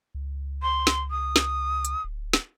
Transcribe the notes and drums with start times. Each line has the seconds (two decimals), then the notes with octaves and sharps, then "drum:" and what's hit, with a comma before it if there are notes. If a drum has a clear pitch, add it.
0.15 C#2
0.62 C6
0.87 drum: snare
1.11 D#6
1.36 drum: snare
1.85 drum: hi-hat
2.04 D1
2.33 drum: snare